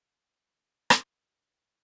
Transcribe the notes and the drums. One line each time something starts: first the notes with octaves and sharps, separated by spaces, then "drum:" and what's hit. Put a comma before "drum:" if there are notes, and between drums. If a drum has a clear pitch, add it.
A4
drum: rim click
A#4 B5
G2 G5